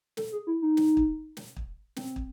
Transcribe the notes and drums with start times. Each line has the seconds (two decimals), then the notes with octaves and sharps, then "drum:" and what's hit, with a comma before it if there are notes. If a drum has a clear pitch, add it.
0.17 A4, drum: snare
0.32 G#4
0.47 E4
0.62 D#4
0.77 drum: snare
0.97 drum: kick
1.37 drum: snare
1.56 drum: kick
1.96 C4, drum: snare
2.16 drum: kick